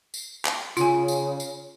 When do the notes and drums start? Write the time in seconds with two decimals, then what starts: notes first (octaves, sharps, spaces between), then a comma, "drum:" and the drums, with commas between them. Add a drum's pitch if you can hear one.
0.14 drum: tambourine
0.45 drum: clap
0.77 C#3 F4 G#5, drum: tambourine
1.08 drum: tambourine
1.40 drum: tambourine